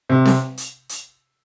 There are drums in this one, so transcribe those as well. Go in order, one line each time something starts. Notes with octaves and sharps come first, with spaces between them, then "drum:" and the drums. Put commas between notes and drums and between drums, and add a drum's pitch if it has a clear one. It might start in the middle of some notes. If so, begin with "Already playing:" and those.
C3
drum: snare C4
drum: hi-hat
drum: hi-hat